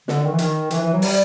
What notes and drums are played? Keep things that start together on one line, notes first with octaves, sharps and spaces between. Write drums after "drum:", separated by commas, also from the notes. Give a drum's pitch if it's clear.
D3, drum: snare
D#3
E3
D#3, drum: hi-hat
E3, drum: hi-hat
E3
F#3
G3, drum: open hi-hat